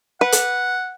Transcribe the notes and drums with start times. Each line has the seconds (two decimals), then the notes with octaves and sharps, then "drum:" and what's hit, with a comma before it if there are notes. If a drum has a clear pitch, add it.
0.21 B4 F#5
0.32 drum: hi-hat